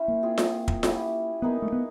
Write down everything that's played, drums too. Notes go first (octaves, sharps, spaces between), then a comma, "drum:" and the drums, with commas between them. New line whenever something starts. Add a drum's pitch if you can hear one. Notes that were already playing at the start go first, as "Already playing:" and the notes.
Already playing: C#4 E4 C5
A#3
C4 F4 G#4
drum: snare F4
drum: kick
C#4 E4 G4 B4, drum: snare F4
A#3 B3 D#4 G#4 B4
A3
B3